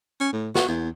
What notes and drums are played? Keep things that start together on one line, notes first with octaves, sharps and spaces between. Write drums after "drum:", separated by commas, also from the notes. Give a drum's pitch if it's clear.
C#4
A2
F#4, drum: snare
E2